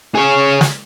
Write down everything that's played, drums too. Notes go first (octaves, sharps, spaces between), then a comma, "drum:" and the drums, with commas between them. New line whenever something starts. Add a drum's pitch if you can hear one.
G#4 C#5
drum: snare